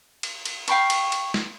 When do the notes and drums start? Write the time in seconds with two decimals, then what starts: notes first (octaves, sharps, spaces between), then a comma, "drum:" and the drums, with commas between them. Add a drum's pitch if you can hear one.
0.23 drum: cymbal
0.45 drum: cymbal
0.68 F5 G5 B5 C#6, drum: cymbal
0.90 drum: cymbal
1.12 drum: cymbal
1.34 drum: snare